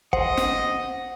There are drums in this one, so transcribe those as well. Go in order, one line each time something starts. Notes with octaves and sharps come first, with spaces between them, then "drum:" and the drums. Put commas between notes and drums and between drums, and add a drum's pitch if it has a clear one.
C5 D#5 F#5, drum: kick
drum: snare